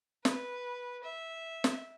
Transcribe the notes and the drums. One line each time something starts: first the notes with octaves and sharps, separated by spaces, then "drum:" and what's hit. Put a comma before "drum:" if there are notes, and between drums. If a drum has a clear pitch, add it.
B4, drum: snare
E5
drum: snare